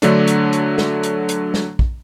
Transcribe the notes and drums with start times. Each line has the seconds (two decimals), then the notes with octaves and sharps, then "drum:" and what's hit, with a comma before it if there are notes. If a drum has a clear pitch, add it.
0.02 D3 F#3 A3 D4, drum: hi-hat
0.27 drum: hi-hat
0.53 drum: hi-hat
0.78 drum: snare
1.03 drum: hi-hat
1.29 drum: hi-hat
1.54 drum: snare
1.79 drum: kick